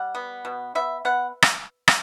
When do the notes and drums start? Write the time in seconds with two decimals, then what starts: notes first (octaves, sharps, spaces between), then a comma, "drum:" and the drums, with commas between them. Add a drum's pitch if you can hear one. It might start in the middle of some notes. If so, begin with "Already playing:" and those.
Already playing: G3 F#5
0.15 B3
0.45 B2
0.75 B3 E5
1.05 B3 F#5
1.42 drum: rim click
1.88 drum: rim click